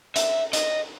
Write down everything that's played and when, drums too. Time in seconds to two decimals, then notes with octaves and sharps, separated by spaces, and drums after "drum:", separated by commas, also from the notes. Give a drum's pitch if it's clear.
0.16 E5, drum: hi-hat
0.53 D#5, drum: hi-hat